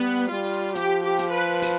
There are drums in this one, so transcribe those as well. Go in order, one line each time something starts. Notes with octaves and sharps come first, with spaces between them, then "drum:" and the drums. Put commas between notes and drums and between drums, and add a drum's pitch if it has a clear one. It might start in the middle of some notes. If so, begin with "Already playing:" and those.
Already playing: G3 B3
G3 F4
F3 G4, drum: hi-hat
G4
drum: hi-hat
B4
drum: open hi-hat